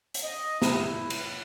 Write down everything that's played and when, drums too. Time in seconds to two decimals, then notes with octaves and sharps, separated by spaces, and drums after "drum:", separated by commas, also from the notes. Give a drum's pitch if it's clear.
0.14 drum: hi-hat
0.24 D#5
0.62 E4, drum: snare
1.10 drum: cymbal